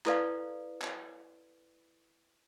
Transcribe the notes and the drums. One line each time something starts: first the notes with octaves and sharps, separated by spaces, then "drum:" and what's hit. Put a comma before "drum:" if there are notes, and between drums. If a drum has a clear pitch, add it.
E4 A4 B4 D5 F5, drum: clap
drum: clap